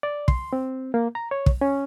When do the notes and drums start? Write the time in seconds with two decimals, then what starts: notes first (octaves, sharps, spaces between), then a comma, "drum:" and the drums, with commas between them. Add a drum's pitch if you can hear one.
0.03 D5
0.28 C6, drum: kick
0.53 C4
0.94 A#3
1.15 A#5
1.31 C#5
1.46 drum: kick
1.61 C#4